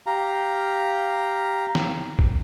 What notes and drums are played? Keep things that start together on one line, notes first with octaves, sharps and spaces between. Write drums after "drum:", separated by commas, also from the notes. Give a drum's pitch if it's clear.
G4 F5 A#5
drum: snare
drum: kick G#1